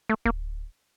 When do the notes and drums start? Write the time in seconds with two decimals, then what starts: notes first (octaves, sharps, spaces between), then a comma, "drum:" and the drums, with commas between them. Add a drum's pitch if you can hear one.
0.09 A3
0.25 A#3, drum: kick D1